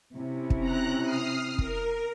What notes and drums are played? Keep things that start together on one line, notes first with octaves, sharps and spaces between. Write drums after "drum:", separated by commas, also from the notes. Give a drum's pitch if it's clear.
C3 C#4 E4
drum: kick
C4 A#5 F#6
D#6 F6 C7
A#4, drum: kick